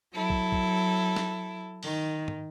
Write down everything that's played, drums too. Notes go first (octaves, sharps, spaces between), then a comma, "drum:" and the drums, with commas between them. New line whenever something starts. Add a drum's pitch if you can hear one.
F#3 E4 A4
drum: kick
drum: kick
drum: snare
D#3, drum: open hi-hat
drum: tom G#2